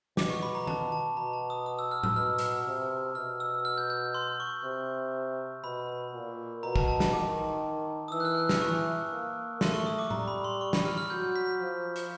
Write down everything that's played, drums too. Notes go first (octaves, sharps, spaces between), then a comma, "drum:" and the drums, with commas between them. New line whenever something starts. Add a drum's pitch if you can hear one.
B2 D6, drum: snare
C#6
B5
A#5
A5, drum: tom D#3
A5
B2 A#5
A5
D#6
D#6
E6
F6
E6, drum: tom A2
B2 F6
drum: hi-hat
C3
B2 F6
E6
F6
G6
G6
C6
C#6
C3
B2 B5
A#2
B2 A#5
A5, drum: kick
A5
A5, drum: snare
D#3 D6
D#6
E3 E6
F#6
F6
F#6
F6, drum: snare
C#6
A#3
A3 C6, drum: snare
C#6
D#6
D6
G3 A#5, drum: tom A2
B5
C6
C#6
B5, drum: snare
F6
F6
F#3 G6
B6
F3
drum: hi-hat